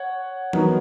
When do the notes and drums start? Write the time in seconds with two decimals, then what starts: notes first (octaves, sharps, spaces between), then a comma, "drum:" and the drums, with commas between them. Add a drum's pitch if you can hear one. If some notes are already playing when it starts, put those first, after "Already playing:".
Already playing: C#5 F#5
0.53 D#3 F#3 B3 D#4, drum: tom E3